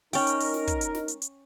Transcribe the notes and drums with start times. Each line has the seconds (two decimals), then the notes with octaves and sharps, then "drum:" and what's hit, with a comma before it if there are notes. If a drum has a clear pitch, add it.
0.13 C#4 D#4 A#4 G5, drum: open hi-hat
0.27 drum: hi-hat
0.40 drum: open hi-hat
0.54 drum: snare
0.67 drum: kick, hi-hat
0.81 drum: hi-hat
0.95 drum: snare
1.08 drum: hi-hat
1.22 drum: hi-hat